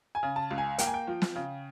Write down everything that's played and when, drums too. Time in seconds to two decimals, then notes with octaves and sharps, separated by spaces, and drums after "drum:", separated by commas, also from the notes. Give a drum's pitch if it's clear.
0.15 G#5
0.23 C#3
0.36 A5
0.51 C#2
0.58 G#5
0.78 A#3 G5, drum: hi-hat
0.87 G#5
0.94 G5
1.07 F3
1.22 drum: snare
1.36 C#3